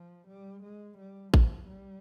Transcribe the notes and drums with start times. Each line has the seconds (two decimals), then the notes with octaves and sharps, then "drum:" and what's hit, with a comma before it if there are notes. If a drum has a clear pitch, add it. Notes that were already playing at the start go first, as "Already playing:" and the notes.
Already playing: F3
0.28 G3
0.64 G#3
0.98 G3
1.34 F3, drum: kick A1
1.68 G3